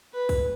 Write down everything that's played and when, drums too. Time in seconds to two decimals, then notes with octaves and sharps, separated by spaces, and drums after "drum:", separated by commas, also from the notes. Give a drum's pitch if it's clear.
0.13 B4
0.29 drum: kick B1, open hi-hat